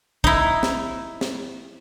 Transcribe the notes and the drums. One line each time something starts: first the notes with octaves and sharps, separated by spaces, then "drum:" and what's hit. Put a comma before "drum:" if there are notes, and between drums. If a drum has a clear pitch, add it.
D#4 E4, drum: kick
drum: snare
drum: snare